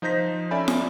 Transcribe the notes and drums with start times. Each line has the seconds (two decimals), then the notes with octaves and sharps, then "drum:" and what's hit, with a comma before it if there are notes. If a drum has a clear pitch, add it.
0.02 F3 D#4 C5 G6 A#6 B6
0.51 C#4 A4 D5 E5 G#5 B5
0.68 drum: snare